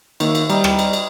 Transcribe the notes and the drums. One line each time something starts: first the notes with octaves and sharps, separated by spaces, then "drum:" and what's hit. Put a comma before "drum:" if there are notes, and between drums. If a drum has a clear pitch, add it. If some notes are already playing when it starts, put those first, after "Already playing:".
D#3 A#3 C#5 E5, drum: cymbal
drum: cymbal
G3 D#4 D#5 G5, drum: cymbal
drum: rim click
drum: cymbal
drum: cymbal